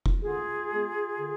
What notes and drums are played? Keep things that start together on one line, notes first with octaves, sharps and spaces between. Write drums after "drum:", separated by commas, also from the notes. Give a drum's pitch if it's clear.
drum: kick F1
D3 F4 G#4
G#3 B3
D3